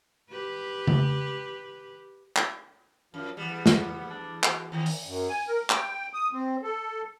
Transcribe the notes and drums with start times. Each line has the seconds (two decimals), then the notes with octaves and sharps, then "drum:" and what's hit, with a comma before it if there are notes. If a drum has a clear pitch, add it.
0.30 G4 B4
0.87 drum: tom C#3
2.36 drum: clap
3.14 F#2 F3
3.37 E2 G3 B3
3.66 drum: snare
4.10 D4
4.43 B2, drum: clap
4.72 D#2 C4
4.86 drum: open hi-hat
5.06 F#2
5.29 G#5
5.47 A#4
5.70 G5, drum: clap
6.14 D#6
6.33 C4
6.63 A4